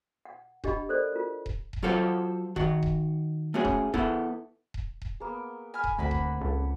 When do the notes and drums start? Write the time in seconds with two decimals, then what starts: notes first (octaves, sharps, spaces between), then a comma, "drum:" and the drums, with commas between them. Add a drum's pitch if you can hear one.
0.25 F#5
0.64 D4 G4 D#5 F#5 B5, drum: kick D#1
0.89 A4 A#4 C5 D5
1.12 F4 A#4
1.46 drum: kick D#1
1.73 drum: kick D#1
1.83 F#3 F4 F#4 A4 C5 F5
2.56 D#3 F#4, drum: kick D#1
2.83 drum: kick D#1
3.54 A3 C#4 F#4 G#4
3.65 drum: kick D#1
3.94 B3 E4 A4, drum: kick D#1
4.74 drum: kick D#1
5.02 drum: kick D#1
5.20 A#3 B3 G#4
5.74 G#5 B5 F6
5.84 drum: kick D#1
5.98 D2 A#3 C4 B4 F#5 G#5 B5
6.11 drum: kick D#1
6.41 C#2 A4